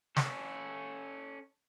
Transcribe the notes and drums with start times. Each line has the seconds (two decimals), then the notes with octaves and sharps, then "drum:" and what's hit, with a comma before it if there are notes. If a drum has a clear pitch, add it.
0.17 C#4 A4, drum: snare